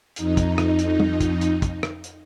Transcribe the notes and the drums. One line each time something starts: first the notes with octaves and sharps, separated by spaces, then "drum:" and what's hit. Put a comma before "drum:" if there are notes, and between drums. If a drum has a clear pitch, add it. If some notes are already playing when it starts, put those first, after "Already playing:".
F2 D#4, drum: hi-hat
drum: kick, hi-hat
drum: rim click
drum: hi-hat
drum: tom
drum: kick, hi-hat
drum: hi-hat
drum: kick, hi-hat
drum: rim click
drum: hi-hat